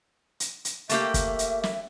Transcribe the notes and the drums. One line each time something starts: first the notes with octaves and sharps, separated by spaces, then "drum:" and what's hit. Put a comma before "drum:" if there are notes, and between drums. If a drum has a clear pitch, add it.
drum: hi-hat
drum: hi-hat
A3 A#3 G4 E5, drum: hi-hat
drum: kick, hi-hat
drum: hi-hat
drum: snare